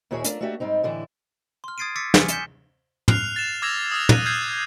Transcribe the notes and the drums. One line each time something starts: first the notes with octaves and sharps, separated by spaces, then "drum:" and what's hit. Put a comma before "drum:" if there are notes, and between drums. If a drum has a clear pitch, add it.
D#2 A#2 E4 F#4 G#4 C#5
A3 D4 F4 A#4, drum: hi-hat
A3 A#3 D4 F#4 G4 E5
G#2 G3 C4 D#4
A2 D3 E3 E4
C6 F6
D#6 G#6 A6 C7 D7 D#7
D6 E6 A6 B6 C#7
G#5 F6 C#7, drum: snare
G6 B6 C#7 E7 G7, drum: hi-hat
F6 F#6 C7 F7, drum: tom
A6 E7
D6 E6 G#6 A#6 E7 F7
D#6 F6 F7
F#6 D#7, drum: tom
F6 G6 G#6 C7